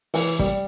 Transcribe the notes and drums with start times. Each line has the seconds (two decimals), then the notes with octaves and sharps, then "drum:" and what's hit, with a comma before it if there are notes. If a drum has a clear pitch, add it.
0.14 E3, drum: open hi-hat
0.39 G3, drum: kick